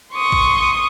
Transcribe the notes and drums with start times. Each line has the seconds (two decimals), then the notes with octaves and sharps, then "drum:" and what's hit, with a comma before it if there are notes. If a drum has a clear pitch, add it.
0.13 C6 C#6 D#6
0.32 drum: kick A1